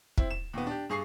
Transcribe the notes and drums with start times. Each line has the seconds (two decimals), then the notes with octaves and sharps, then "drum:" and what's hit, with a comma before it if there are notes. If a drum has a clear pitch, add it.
0.18 C4 E4, drum: kick
0.31 E7
0.53 D#2 A#2 B3
0.67 D4 G4
0.90 G2 G#4 C#6 C7